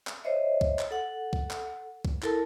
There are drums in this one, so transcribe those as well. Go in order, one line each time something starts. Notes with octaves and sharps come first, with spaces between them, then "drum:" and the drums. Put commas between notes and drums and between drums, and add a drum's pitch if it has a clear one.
drum: clap
C5 C#5 D#5 E5
drum: kick
drum: clap
A4 F#5
drum: kick
drum: clap
drum: kick
E4 A4 A#4 A5, drum: clap